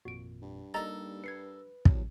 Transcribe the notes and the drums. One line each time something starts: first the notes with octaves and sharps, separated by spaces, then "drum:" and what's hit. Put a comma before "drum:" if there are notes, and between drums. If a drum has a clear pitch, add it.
G#1 F2 A#2 F#4 D7
G2
G3 A#3 D#4 A4 A#4 D#5 A#5 A6
B4 G#6 C7 C#7
C2 A2 E3 F#3, drum: kick